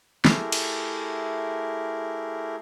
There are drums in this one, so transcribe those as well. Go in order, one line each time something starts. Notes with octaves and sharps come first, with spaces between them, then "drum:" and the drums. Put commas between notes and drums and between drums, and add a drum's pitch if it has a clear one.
A3 E4 G4 G#4 A#4, drum: snare
drum: cymbal